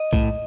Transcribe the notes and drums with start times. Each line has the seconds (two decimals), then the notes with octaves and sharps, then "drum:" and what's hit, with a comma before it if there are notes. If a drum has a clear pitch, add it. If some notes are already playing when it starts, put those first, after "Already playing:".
Already playing: D#5
0.13 A2, drum: kick B1